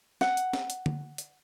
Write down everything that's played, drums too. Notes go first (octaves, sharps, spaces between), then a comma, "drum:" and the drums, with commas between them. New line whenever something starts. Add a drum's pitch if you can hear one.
F#5, drum: snare
drum: hi-hat
drum: snare
drum: hi-hat
drum: tom D3
drum: hi-hat